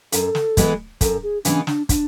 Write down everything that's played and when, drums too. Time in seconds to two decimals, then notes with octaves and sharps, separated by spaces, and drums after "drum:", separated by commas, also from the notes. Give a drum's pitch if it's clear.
0.12 F#2 A4, drum: hi-hat
0.35 drum: snare
0.57 E3 G#3 B3 E4, drum: kick, hi-hat
1.01 F#2 A4, drum: kick, hi-hat
1.23 G#4
1.45 C#3 E3 G#3 B3 D4, drum: hi-hat
1.67 D4, drum: snare
1.89 D4, drum: kick, hi-hat